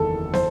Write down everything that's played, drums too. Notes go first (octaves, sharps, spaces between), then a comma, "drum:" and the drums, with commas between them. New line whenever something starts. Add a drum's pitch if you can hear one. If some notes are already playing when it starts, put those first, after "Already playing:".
Already playing: F#1 E2 D#3 A4
C5, drum: snare